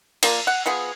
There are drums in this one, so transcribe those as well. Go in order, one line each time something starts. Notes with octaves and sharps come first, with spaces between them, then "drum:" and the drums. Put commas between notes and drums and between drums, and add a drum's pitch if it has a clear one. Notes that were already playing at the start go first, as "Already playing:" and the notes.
F3 A#3 D5, drum: cymbal
F#5
F3 B3 G#4